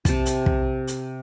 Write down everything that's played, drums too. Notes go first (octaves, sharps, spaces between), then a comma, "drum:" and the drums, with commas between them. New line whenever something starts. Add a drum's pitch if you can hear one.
C3 A5, drum: kick, hi-hat
drum: hi-hat
drum: kick
drum: hi-hat